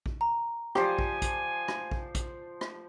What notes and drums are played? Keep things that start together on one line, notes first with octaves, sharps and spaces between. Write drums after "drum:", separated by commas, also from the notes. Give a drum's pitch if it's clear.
drum: kick A#1
A#5
F3 G4 C5 D5 G#5, drum: rim click
drum: kick A#1
drum: kick A#1, hi-hat
drum: rim click
drum: kick A#1
drum: kick A#1, hi-hat
drum: rim click